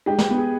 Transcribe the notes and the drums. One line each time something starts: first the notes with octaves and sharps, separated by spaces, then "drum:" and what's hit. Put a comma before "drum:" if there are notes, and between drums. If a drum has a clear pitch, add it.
G#3 G4
drum: snare
B3
G#4